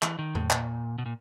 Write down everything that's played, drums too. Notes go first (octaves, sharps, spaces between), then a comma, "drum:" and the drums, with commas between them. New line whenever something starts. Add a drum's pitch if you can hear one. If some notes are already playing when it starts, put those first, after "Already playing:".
E3, drum: clap
D#3
A2, drum: tom E2
A#2, drum: clap
B2
A#2